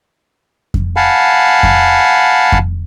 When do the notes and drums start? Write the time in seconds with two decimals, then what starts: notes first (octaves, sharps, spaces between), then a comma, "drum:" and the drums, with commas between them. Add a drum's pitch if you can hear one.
0.74 drum: kick F2
0.96 F5 F#5 G#5 A5 B5
1.63 drum: kick F2
2.52 drum: kick F2